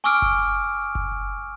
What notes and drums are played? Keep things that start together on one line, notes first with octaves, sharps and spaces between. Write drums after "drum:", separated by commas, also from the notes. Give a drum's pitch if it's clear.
G#5 C#6 D6 E6 F6 D7
drum: kick F#1
drum: kick F#1